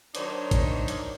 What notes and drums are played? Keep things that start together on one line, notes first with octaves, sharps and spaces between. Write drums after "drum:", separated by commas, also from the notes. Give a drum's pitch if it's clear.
D#3 F#3 D4 D#4 C5 C#5, drum: hi-hat
drum: kick, hi-hat
drum: hi-hat